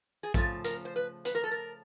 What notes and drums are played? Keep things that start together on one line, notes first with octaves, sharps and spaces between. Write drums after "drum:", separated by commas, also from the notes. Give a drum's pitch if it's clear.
G#4
C#3 F3 A3 A4, drum: kick
A#4, drum: hi-hat
C5
B4
B4, drum: hi-hat
A#4
A4
A#4